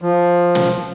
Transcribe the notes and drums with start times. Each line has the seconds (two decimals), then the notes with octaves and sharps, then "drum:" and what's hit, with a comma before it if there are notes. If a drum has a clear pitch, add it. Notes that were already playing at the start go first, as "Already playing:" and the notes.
0.02 F3
0.55 drum: snare